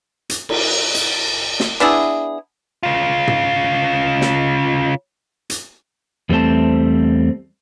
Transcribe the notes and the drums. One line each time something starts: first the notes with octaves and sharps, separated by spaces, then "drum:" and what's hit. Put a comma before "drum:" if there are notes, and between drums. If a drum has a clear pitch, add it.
drum: hi-hat
drum: cymbal
drum: hi-hat
drum: snare
B3 D4 E4 G#4
C#3 F4
drum: tom
drum: snare
drum: hi-hat
E2 G3 A3 C4 C5 A5